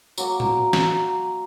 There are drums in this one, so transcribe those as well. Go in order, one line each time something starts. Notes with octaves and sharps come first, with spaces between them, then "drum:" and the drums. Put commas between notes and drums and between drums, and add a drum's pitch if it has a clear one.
F#3 A#3 D6, drum: tambourine
drum: tom A2
drum: snare